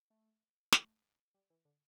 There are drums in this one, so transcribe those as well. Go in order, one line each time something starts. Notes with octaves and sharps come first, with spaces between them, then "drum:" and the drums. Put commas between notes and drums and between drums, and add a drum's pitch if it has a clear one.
A3
A3, drum: snare
G3
E3
D3